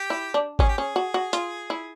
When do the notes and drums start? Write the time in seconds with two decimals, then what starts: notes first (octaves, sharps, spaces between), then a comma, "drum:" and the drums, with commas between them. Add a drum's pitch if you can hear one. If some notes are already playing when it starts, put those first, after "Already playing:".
Already playing: G4
0.10 E4
0.34 D4
0.59 C#4 G#4, drum: kick G#1
0.68 G4
0.78 C#4 G#4
0.96 F#4
1.14 F#4
1.33 F4, drum: hi-hat
1.70 E4